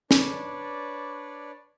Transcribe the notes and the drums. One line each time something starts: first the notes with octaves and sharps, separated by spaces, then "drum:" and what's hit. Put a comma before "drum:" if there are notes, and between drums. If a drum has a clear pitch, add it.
D4 B4 C#5 D5, drum: snare